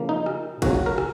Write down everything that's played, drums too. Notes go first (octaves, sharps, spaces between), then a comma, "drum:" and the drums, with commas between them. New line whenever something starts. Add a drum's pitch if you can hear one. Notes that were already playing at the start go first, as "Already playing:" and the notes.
Already playing: C#3 F3 A#3
D#4
drum: rim click
C#3 F#3 A#3 F#4, drum: kick, cymbal
F#4
A#4
drum: rim click